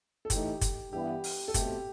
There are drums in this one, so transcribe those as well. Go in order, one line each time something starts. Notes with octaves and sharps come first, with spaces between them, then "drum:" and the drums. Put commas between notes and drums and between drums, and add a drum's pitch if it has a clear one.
A4
A2 E3 A3 D#4 G4, drum: kick F#1, hi-hat
drum: kick F#1, hi-hat
G2 E3 B3 E4 G4
drum: open hi-hat
A4
B2 A3 C4 G4, drum: kick F#1, hi-hat